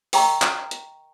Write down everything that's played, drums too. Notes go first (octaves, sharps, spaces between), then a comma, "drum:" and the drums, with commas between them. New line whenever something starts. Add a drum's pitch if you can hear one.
A#4 D#5 G5 A#5 C#6, drum: open hi-hat
drum: clap
drum: hi-hat